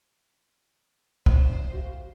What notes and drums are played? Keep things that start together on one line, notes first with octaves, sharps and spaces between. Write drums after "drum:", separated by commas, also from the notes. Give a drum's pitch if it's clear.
E2 C5, drum: kick
F#4 G4 F5